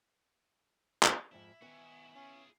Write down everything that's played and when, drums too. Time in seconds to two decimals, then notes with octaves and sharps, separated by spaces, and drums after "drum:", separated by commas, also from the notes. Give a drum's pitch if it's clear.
1.03 drum: clap
1.32 F2 G#2 F3 E4
1.62 D#3 B3 F#4 G#5
2.15 C#4 F4 G#4